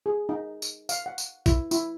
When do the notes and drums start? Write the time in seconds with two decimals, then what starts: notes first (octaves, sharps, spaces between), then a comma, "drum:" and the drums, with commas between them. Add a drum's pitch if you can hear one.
0.06 G#4
0.29 D#4
0.62 drum: tambourine
0.89 F5, drum: tambourine
1.06 F#5
1.18 drum: tambourine
1.46 E4, drum: kick A#1, tambourine
1.71 E4, drum: tambourine